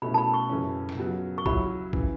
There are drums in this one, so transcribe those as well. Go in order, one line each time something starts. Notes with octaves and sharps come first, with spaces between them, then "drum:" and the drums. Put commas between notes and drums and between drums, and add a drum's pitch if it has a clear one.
B2 A3 C#4 E4 B5
A5
B5
C#6
F#2 C#3 E3 C#4
drum: snare
C#3 F#3 B3
C#6
C#3 F#3 C#4 E4 B5, drum: kick A1
C#3 E3, drum: kick A1